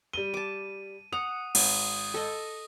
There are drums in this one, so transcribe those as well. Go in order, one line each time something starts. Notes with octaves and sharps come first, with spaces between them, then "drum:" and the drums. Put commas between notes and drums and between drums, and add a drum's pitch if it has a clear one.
G3 D#7 G7
A5 D6
F#5 D#6 F7
G#1, drum: cymbal
A4 D#5